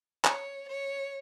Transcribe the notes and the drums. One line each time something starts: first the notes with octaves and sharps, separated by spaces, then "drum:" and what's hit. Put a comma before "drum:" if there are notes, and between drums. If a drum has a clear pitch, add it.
C#5, drum: clap
C#5